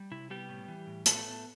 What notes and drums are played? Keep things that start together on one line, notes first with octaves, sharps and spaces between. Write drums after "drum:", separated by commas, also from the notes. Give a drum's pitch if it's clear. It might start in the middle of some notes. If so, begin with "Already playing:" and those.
Already playing: G3
C3 E4
G3 B3 G4
A2
E3
A2
A3 B3 A4, drum: hi-hat
A2